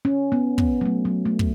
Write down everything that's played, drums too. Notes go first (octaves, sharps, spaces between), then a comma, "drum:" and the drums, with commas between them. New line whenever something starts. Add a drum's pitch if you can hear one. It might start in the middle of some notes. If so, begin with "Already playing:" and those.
C#4
B3
B3, drum: kick
F#3
A3
F#3
A3
drum: kick